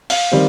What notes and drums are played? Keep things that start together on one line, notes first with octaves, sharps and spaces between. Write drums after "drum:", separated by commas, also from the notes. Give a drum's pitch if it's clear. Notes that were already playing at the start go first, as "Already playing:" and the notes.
F5, drum: open hi-hat
D#3 G3 C4